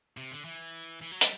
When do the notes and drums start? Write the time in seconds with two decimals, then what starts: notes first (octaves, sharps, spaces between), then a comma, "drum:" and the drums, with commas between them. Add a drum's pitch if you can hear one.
0.17 C3
0.32 D3
0.45 E3
1.02 E3
1.12 F#3
1.21 G3, drum: hi-hat